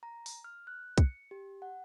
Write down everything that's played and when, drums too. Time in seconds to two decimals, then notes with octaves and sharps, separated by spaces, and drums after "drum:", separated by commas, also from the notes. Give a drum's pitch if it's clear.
0.03 A#5
0.26 drum: open hi-hat
0.44 F6
0.67 F#6
0.98 C#7, drum: kick, hi-hat
1.31 G4
1.62 F#5